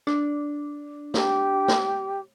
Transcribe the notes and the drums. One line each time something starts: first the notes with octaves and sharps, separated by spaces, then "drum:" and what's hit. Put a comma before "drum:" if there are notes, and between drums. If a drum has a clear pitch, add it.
D4, drum: rim click
G4, drum: snare
drum: snare